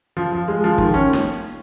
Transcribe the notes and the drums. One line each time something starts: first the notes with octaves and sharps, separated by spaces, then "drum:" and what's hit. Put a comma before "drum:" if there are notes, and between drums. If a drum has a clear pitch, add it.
F3
F3
G#3
F3
D#3, drum: kick
C#4
drum: snare